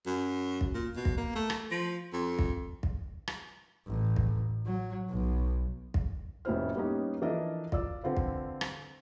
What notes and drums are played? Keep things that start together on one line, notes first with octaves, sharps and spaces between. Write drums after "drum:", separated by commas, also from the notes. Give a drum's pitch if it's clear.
F#2
drum: kick
A#2
B2
drum: kick
A#3
A3
drum: rim click
F3
F2
drum: kick
drum: kick
drum: rim click
A1
drum: kick
F#3
B1
drum: kick
F1 A2 C#4 E4 C5 F6
G3 A#3 B3 C#4 D#4
E3 F3 D4 A4 A#4 D#5
F4 D5 E6, drum: kick
D3 C4 F4 B4
drum: kick
drum: rim click